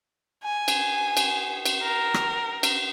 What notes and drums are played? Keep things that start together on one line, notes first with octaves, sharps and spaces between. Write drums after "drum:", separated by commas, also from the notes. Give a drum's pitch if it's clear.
G#5
drum: cymbal
drum: cymbal
drum: cymbal
A#4
drum: rim click
drum: cymbal